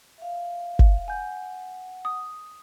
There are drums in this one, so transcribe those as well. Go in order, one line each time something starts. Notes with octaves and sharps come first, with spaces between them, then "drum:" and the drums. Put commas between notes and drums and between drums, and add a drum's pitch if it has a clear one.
E5 F5
drum: kick G1
F#5 G#5 G6
D#6